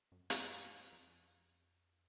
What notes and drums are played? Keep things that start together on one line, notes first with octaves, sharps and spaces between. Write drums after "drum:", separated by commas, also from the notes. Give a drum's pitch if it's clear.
F#2
drum: hi-hat
F2